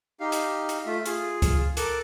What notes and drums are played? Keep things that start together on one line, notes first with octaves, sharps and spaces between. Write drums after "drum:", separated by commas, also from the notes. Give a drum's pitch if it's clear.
D#4 G4 F5
drum: hi-hat
drum: hi-hat
A3 F4 E5
F4 G#4, drum: hi-hat
drum: kick C#2, hi-hat
A4 A#4 A5 D6 F#6, drum: hi-hat